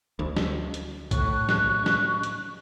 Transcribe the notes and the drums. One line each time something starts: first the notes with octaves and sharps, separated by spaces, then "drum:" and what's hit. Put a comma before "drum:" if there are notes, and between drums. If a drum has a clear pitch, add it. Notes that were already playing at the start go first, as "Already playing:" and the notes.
D2
drum: snare
drum: hi-hat
A2 C#6 F#6, drum: kick, hi-hat
drum: snare
drum: snare
drum: hi-hat